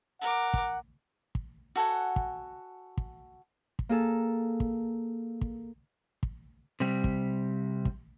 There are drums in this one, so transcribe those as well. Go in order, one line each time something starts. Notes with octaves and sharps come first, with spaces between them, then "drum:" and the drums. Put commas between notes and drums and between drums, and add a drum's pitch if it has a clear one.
A#4 F#5 D6
drum: kick
drum: kick
F#4 A4 F#5 G#5
drum: kick
drum: kick
drum: kick
A#3 G#4 A4
drum: kick
drum: kick
drum: kick
C3 G3
drum: kick
drum: kick